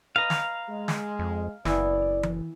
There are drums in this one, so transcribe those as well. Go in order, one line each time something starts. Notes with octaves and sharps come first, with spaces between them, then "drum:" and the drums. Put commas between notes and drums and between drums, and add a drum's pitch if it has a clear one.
B4 D#5 F5 A#5
drum: snare
G#3
drum: snare
F2
F#1 E3 B3 E4 D5, drum: snare
drum: tom E3